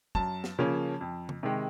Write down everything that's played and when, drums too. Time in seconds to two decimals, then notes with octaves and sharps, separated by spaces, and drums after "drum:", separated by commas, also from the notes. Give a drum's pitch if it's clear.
0.15 F#2 A5, drum: kick
0.44 drum: snare
0.58 C#3 F3 A#3 C#4
1.01 F2
1.29 drum: tom C#3
1.43 C3 D#3 G#3